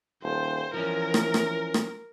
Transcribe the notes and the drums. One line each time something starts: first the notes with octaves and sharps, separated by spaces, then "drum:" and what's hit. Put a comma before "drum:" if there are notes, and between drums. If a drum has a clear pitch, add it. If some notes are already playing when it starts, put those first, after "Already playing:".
D#1 C5
E3 F3 C#4 A#4
drum: rim click
drum: rim click
drum: rim click